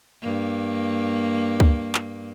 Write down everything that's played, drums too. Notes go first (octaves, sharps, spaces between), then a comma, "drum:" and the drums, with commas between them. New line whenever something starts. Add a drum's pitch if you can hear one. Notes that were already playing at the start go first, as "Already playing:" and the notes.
G2 A#3
drum: kick C#2
drum: clap